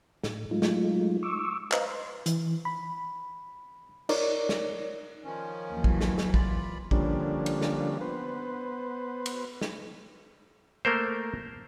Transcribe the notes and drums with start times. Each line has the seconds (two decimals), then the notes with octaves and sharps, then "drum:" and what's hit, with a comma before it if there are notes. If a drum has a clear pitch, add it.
0.23 A2, drum: snare
0.51 F#3 G#3 A3 D#4 F4
0.62 drum: snare
1.23 C#6 D6 E6
1.72 B4 C5 D#5 F5 A#5, drum: clap
1.87 C6
2.26 E3, drum: hi-hat
2.65 B5
4.09 D#4 A#4 C#5 D5, drum: cymbal
4.49 drum: snare
5.24 D#3 F3 C#4
5.75 D#2 E3 F#3
5.84 drum: kick
6.01 drum: snare
6.18 drum: snare
6.34 F4 D5 B5, drum: kick
6.91 D3 F3 G3 A#3 C#4 D4, drum: kick
7.46 drum: cymbal
7.62 drum: snare
8.01 B3 B4 C5
9.26 drum: cymbal
9.61 drum: snare
10.85 A3 A#3 A#4 C5